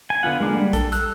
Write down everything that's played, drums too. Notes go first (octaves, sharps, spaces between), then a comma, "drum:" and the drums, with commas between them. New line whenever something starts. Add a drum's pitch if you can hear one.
G#5
D3 B3 F4 F#5
G#3 A#3 D4
G3
A4, drum: kick A#1, hi-hat
E6 F#6, drum: hi-hat